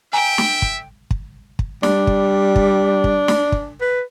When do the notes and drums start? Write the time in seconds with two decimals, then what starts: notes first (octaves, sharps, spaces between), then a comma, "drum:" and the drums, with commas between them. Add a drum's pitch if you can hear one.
0.13 E5 G5 G#5 A#5
0.38 drum: snare
0.62 drum: kick
1.11 drum: kick
1.59 drum: kick
1.83 G3 D4, drum: snare
2.07 drum: kick
2.56 drum: kick
3.04 drum: kick
3.28 drum: snare
3.52 drum: kick
3.81 B4